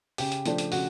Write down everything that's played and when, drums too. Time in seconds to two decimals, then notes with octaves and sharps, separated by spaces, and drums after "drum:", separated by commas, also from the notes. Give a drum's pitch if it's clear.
0.18 C#3 G4, drum: open hi-hat
0.32 drum: hi-hat
0.46 F3 A3 D4, drum: hi-hat
0.58 drum: hi-hat
0.72 C#3 F#4, drum: open hi-hat